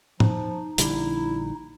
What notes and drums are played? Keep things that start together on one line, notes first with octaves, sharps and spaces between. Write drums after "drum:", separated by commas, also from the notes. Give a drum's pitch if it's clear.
F3 D#4, drum: tom
A#1 D3 G3 E4, drum: hi-hat